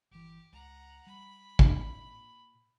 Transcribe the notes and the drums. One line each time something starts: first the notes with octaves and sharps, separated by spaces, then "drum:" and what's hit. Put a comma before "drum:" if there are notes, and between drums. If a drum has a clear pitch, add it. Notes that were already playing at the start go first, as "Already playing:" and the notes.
G1 E3 G4
C#2 F#5 A#5
G3 B5
drum: kick
A#2